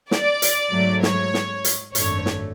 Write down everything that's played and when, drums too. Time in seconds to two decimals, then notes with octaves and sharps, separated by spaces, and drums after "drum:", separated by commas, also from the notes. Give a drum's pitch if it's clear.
0.11 D5, drum: snare
0.42 drum: hi-hat
0.72 G#2 F#3 A3
1.03 C#5, drum: snare
1.34 drum: snare
1.64 drum: hi-hat
1.95 G#1 F#2 D3 A3 C#5, drum: hi-hat
2.26 drum: snare